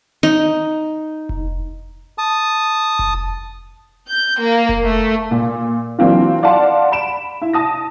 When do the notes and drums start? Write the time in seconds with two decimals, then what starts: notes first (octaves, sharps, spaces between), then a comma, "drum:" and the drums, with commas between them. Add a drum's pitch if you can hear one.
0.23 D#4
1.29 drum: kick F1
2.18 A5 D#6
2.99 drum: kick F1
4.09 G6
4.43 A#3
4.69 drum: kick F1
4.83 A3
5.31 A#2
5.99 E3 F#3 A#3 C4 D4 F4
6.43 D5 F5 F#5 A5 C6
6.92 B5 D7 E7
7.42 E4
7.53 A5 D#6 A#6